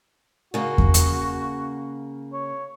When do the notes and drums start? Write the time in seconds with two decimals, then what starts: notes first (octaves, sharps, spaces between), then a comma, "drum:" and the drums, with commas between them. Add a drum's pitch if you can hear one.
0.54 C#3 A#3 F#4
0.78 drum: kick E2
0.94 drum: hi-hat
2.33 C#5